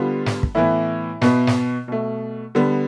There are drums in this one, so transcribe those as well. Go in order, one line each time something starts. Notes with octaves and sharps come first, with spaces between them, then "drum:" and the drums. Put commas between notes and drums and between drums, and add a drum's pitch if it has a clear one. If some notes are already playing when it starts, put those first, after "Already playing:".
Already playing: D3 G3 B3 F4
drum: snare
drum: kick
A2 E3 B3 E4
B2 B3, drum: snare
drum: snare
B2 A3
D3 G3 B3